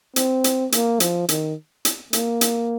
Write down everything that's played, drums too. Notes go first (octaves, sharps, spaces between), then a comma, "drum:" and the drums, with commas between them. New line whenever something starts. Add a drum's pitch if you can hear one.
C4, drum: hi-hat
drum: hi-hat
A#3, drum: hi-hat
F3, drum: hi-hat
D#3, drum: hi-hat
drum: hi-hat
A#3, drum: hi-hat
drum: hi-hat